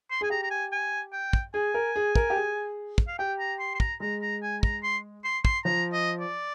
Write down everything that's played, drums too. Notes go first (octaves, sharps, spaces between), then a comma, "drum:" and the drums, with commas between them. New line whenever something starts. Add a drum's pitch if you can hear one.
C6
G#4 G#5
G4 A#5
A#5
G#5
G#5
G5
drum: kick
G#4 G#5
A#4
G#4
A#4, drum: kick
G4
G#4
drum: kick
F5
G4 G5
A#5
C6
C6
A#5, drum: kick
G#3 A#5
A#5
G#5
A#5, drum: kick
C6
C6
C6, drum: kick
F3 A#5
D#5
D5